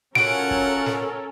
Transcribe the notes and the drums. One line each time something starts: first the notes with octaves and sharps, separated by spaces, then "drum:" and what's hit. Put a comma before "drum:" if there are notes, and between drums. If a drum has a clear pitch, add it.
C#4 F4 F#4 A4 A#4 F#5 D7, drum: snare
drum: kick
drum: snare